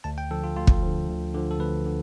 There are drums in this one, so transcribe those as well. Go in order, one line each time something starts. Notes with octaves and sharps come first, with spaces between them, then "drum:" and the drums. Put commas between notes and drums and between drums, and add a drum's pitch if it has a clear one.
D2 A5
G5
D3 F3 A4
F4
D2 F4
drum: kick
D3 F3
D2
D3 F3
A4
D2 B4
D3